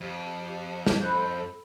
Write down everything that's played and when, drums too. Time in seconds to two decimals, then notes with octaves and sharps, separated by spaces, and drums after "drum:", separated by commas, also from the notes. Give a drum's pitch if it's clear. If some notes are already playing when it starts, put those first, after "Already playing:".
0.01 F2 G4
0.86 drum: snare
1.01 A4 C5 B5 F#6 G6